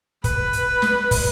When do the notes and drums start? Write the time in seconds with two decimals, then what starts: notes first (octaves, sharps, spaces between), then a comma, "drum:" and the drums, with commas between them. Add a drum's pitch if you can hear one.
0.24 B4, drum: kick, hi-hat
0.53 drum: hi-hat
0.82 drum: snare
1.11 drum: kick, open hi-hat